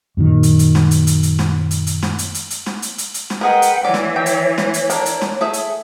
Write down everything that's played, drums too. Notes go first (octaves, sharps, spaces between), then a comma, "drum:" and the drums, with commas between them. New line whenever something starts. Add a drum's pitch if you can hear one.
F#2 A#2 D#3
drum: hi-hat
drum: hi-hat
drum: snare
drum: hi-hat
drum: hi-hat
drum: hi-hat
drum: snare
drum: hi-hat
drum: hi-hat
drum: snare
drum: hi-hat
drum: hi-hat
drum: hi-hat
drum: snare
drum: hi-hat
drum: hi-hat
drum: hi-hat
drum: snare
G#3 G#4 A#4 B4 F#5 G5
drum: hi-hat
E3 C#5 D5
drum: snare
G5
drum: hi-hat
drum: snare
drum: hi-hat
D4 A#4, drum: hi-hat
drum: hi-hat
drum: snare
A3 G#4 E5
drum: hi-hat